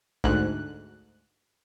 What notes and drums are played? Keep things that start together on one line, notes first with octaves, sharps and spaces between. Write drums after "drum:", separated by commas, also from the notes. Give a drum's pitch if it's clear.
D2 G#2 F#6, drum: kick